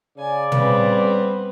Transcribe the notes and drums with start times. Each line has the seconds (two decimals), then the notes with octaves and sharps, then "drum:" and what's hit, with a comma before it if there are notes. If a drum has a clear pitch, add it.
0.18 C#3 D5 G#5
0.52 G3 B3 C4, drum: tom